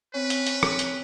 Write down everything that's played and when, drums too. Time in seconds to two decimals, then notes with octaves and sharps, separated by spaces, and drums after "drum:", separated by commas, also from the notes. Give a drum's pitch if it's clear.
0.14 C4 C#4 B4
0.30 drum: hi-hat
0.46 drum: hi-hat
0.63 drum: rim click
0.79 drum: hi-hat